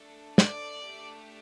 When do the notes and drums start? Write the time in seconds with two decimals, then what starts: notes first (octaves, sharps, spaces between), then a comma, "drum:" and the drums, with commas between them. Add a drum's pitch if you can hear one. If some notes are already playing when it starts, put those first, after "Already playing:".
Already playing: A3 D4 A4
0.38 D5, drum: snare
0.85 A3 D4 G4